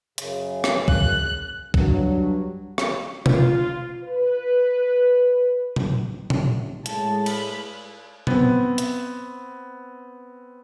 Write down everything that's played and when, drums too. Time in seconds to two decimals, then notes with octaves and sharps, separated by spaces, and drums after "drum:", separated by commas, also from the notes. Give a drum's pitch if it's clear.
0.18 F#2 C#3, drum: hi-hat
0.64 drum: rim click
0.88 F#6, drum: kick
1.74 G2 F#3, drum: kick
2.78 drum: rim click
3.26 F4, drum: tom B2
4.04 B4
5.76 drum: tom A#2
6.30 F1, drum: tom A#2
6.86 A2 G#3 A5, drum: hi-hat
7.26 B5, drum: cymbal
8.27 B3 C4, drum: tom A#2
8.78 drum: hi-hat